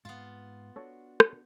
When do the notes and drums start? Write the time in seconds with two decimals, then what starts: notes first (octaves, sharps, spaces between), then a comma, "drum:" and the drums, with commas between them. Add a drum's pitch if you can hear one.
0.05 G#2 B3 F4 F5
0.76 D4 F#4 A4 C#5 A5
1.20 drum: rim click